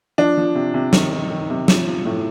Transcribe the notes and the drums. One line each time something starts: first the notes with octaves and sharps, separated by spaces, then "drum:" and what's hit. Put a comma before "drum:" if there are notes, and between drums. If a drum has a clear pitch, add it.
F3 D4
F3
C3
C3
D#3, drum: snare
D#3
D#3
C3
F3, drum: snare
F3
A2